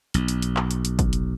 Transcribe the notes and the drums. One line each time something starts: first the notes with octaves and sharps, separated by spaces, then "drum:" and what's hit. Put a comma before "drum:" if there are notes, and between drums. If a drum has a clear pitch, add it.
B1, drum: hi-hat
drum: hi-hat
drum: hi-hat
drum: clap
drum: hi-hat
drum: hi-hat
drum: kick, hi-hat
drum: hi-hat